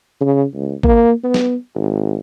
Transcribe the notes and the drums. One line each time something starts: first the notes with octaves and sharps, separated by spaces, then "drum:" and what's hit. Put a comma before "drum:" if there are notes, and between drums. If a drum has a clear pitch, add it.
C#3
C#2
A#3, drum: kick
B3
drum: snare
G#1